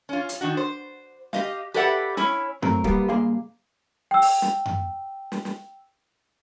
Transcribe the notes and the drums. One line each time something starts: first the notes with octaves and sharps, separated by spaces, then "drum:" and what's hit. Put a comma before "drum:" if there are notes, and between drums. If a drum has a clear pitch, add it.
C#4 F4
drum: hi-hat
D#3 D4 F#4
C5
G4 D#5 F5, drum: snare
G4 A4 B4 D5 E5 F#5
C#4 E4 C#5, drum: snare
F#3 A3 C4 A#4, drum: tom F#2
B1 B2 G3 A#3 B3, drum: kick
C#2 G2 A#3 G#4 F5 C6
G5 E6
drum: open hi-hat
drum: snare
drum: tom F#2
drum: snare
drum: snare